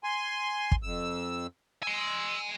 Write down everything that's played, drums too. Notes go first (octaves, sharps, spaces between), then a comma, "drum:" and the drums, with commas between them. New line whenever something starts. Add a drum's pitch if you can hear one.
G#5 C6
drum: kick
F2 E6
G#5 C6 E6